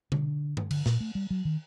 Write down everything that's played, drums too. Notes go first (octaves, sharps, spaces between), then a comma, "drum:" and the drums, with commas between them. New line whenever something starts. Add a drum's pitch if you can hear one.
D3, drum: tom B2
drum: tom G2
D3, drum: cymbal
A#2, drum: snare
A3
G3
F#3
D#3